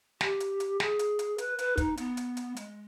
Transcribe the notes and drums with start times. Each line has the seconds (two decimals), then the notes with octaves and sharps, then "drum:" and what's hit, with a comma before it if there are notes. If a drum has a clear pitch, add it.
0.21 G4, drum: snare
0.40 drum: hi-hat
0.60 drum: hi-hat
0.80 G#4, drum: snare
0.99 drum: hi-hat
1.19 drum: hi-hat
1.38 B4, drum: hi-hat
1.59 B4, drum: hi-hat
1.77 D#4, drum: kick, hi-hat
1.97 B3, drum: hi-hat
2.17 drum: hi-hat
2.37 drum: hi-hat
2.56 G#3, drum: hi-hat